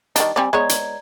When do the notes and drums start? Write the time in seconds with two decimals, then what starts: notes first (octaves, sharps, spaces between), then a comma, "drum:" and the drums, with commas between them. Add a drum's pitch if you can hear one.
0.16 D#3 G3 D4 D#5, drum: hi-hat
0.36 G3 C4 D5 G#5
0.53 G#3 B3 C#5 D5 A#5 G#6
0.69 drum: hi-hat